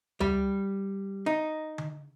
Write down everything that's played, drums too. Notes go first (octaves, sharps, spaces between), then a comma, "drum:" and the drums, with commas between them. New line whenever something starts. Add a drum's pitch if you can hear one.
G3, drum: tom C#2
D#4
drum: tom D3